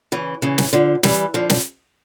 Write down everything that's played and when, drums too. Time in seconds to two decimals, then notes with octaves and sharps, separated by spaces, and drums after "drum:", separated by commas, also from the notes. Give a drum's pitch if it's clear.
0.12 C#3 E3
0.42 C#3 E3
0.58 drum: snare
0.73 D3 F3
1.03 E3 G3, drum: snare
1.34 D3 F3
1.50 drum: snare